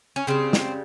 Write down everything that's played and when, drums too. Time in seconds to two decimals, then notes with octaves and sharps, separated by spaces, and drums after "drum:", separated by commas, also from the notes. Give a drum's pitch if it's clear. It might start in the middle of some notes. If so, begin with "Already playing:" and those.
0.16 C#4
0.27 C#3 G3 C4
0.53 drum: snare